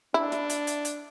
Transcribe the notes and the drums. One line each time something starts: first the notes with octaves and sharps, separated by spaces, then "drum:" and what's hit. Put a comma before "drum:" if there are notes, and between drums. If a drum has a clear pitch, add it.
D4 E4
drum: snare
drum: hi-hat
drum: hi-hat
drum: hi-hat